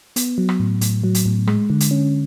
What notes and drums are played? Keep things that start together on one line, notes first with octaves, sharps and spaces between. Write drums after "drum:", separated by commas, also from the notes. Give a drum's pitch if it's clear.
B3, drum: hi-hat
F#3
drum: rim click
A2
A2, drum: hi-hat
F#3
drum: hi-hat
A2
G#3, drum: rim click
D3
drum: hi-hat
C#4